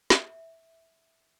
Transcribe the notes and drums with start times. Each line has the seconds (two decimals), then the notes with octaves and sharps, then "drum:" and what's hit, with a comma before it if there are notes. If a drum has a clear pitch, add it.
0.10 E5, drum: snare